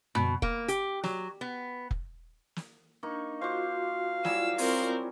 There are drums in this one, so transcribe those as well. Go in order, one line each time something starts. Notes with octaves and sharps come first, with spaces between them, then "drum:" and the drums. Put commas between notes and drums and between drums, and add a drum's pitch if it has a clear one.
B2, drum: tom F#2
A#3, drum: kick F1
G4, drum: hi-hat
F#3, drum: snare
B3
drum: kick F1
drum: snare
A#3 D4 D#4 C#6
F4 F#4 C5 F5 C#6 D6
F#3 G3 E4 F4 G#4 D5 E6, drum: snare
C4 A#4 C#5, drum: open hi-hat